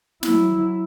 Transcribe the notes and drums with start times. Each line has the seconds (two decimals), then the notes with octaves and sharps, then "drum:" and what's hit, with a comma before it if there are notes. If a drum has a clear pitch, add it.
0.23 F#3 E4, drum: snare